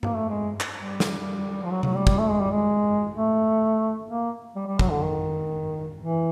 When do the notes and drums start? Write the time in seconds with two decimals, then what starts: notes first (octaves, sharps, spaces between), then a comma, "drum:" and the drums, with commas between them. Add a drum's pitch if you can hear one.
0.03 A#3, drum: tom G2
0.16 A3
0.29 G#3
0.60 drum: clap
0.76 G3
1.00 drum: snare
1.64 F3
1.71 F#3
1.83 F#3, drum: tom C3
1.95 G3
2.07 G3, drum: kick
2.19 A3
2.29 G#3
2.40 G3
2.51 G#3
3.13 A3
4.09 A#3
4.55 G3
4.67 G3
4.79 F#3, drum: kick
4.91 D3
5.03 D#3
5.98 E3